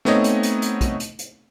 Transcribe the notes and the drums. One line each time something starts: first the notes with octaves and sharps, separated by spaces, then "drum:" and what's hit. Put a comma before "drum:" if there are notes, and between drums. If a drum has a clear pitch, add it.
A3 B3 C4 D#4 C#5 D#5, drum: snare
drum: hi-hat
drum: hi-hat
drum: hi-hat
drum: kick, hi-hat
drum: hi-hat
drum: hi-hat